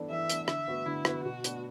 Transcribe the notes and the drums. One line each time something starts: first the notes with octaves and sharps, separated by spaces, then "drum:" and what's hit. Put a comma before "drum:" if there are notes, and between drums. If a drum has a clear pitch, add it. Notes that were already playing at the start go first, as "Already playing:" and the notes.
Already playing: E3 B3 D4 A4
E3 E5
B3 D4 A4, drum: hi-hat
D3 E5, drum: rim click
B3 F#4 B4
D3 E4
B3 F#4 B4, drum: rim click
B2 F#4
B3 D4, drum: hi-hat